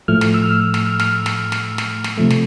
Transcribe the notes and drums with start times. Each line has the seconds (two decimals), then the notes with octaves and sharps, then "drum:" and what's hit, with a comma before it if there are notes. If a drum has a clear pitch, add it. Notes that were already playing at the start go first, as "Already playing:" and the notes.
0.08 A2 F3 A3 F6
0.21 drum: snare
0.34 E6
0.43 F6
0.51 E6
0.60 F6
0.74 E6, drum: snare
0.86 F6
0.99 F6, drum: snare
1.26 drum: snare
1.52 drum: snare
1.78 drum: snare
2.04 drum: snare
2.17 C3 F3 A3
2.30 drum: snare